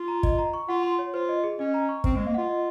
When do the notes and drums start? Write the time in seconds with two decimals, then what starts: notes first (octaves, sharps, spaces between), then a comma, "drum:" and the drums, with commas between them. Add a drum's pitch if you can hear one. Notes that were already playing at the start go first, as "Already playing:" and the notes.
Already playing: F4
0.08 A#5
0.23 D#5, drum: kick
0.38 A#5
0.54 C#6
0.68 F4 F#5
0.83 C6
0.99 C#5
1.14 F4 C5
1.29 D#5
1.44 G#4
1.59 C#4 D#5
1.74 A#5
1.89 C#6
2.04 C4 C5, drum: kick
2.16 G#3 D#5
2.26 A#3
2.34 F4 F#5
2.50 D#5